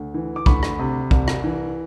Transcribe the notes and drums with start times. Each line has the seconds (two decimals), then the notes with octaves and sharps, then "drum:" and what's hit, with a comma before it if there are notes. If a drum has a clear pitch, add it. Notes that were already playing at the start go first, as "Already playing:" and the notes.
Already playing: D2
0.14 E3
0.36 D6
0.46 D2 B5 C#6, drum: kick
0.63 drum: rim click
0.79 C3
1.11 C2, drum: kick
1.28 drum: rim click
1.44 E3